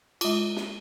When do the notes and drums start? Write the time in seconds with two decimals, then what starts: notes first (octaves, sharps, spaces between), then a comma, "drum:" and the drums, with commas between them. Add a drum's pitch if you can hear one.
0.21 G#3 F4, drum: cymbal
0.56 drum: snare